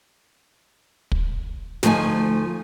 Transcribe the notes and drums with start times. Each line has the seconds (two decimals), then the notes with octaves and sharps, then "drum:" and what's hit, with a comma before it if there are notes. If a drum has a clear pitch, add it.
1.12 drum: kick
1.83 D2 F3 A3 D#4 G#5, drum: snare